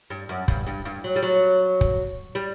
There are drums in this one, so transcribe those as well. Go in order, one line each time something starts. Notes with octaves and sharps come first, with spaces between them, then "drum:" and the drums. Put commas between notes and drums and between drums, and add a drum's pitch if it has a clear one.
G2
F#2
G2, drum: kick
G2
G2
F#3
G3
F#3
drum: kick
G3